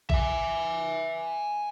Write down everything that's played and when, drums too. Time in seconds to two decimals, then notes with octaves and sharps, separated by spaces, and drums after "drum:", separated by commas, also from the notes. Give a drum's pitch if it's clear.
0.10 E5 G#5, drum: kick A1